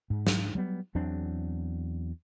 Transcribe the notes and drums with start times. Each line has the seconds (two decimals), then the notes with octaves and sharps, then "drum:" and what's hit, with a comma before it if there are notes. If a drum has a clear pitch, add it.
0.10 G#2
0.27 drum: snare
0.55 F#3 G3 B3
0.95 E2 F#3 C4 D4